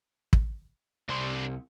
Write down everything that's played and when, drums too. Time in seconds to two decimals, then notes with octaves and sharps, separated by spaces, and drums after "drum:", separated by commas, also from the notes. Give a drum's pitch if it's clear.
0.33 drum: kick
1.09 C2 D4 C5 C6